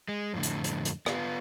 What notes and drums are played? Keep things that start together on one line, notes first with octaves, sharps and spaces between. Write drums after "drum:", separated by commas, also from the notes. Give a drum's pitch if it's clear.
G#3
F2 A2 D3
drum: hi-hat
drum: hi-hat
drum: hi-hat
B3 F4, drum: rim click